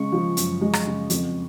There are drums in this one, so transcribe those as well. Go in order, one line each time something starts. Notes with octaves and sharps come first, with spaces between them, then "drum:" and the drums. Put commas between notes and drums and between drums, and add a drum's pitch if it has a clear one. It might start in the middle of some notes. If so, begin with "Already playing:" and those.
Already playing: C#3 G#3 C#6
F3
F#2, drum: hi-hat
G#3
drum: rim click
C#3
F2, drum: hi-hat